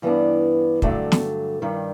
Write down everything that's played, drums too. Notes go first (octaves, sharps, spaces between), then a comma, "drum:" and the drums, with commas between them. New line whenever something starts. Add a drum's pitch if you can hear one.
G2 E3 G3 B3 D4
G2 D3 F#3 A3, drum: kick
drum: snare
G2 D#3 G3